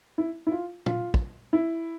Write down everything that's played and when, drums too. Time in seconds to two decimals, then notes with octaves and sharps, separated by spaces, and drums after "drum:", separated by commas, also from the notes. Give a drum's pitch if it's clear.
0.18 E4
0.47 E4
0.52 F4
0.86 F4, drum: tom
1.14 drum: kick
1.53 E4